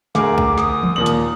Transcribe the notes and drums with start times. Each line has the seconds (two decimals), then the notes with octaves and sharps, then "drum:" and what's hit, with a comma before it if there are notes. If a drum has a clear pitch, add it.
0.15 D2 G#4 A#4 D6, drum: snare
0.38 drum: kick B1
0.58 D#6, drum: snare
0.83 drum: tom
0.96 D#2 A#2 F#7
1.06 drum: hi-hat